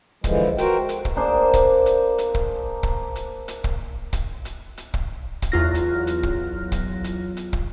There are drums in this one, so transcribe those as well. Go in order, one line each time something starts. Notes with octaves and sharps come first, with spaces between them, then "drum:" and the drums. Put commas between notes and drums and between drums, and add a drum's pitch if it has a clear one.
D3 E3 F3 G#3, drum: kick, hi-hat
F#4 A#4 C5 G5, drum: hi-hat
drum: hi-hat
drum: kick
A#3 D4 G#4 C5
drum: kick, hi-hat
drum: hi-hat
drum: hi-hat
drum: kick
drum: kick
drum: hi-hat
drum: hi-hat
drum: kick
drum: kick, hi-hat
drum: hi-hat
drum: hi-hat
drum: kick
drum: kick, hi-hat
E2 F#3 F4 F6 F#6 A#6
drum: hi-hat
drum: hi-hat
drum: kick
drum: kick, hi-hat
drum: hi-hat
drum: hi-hat
drum: kick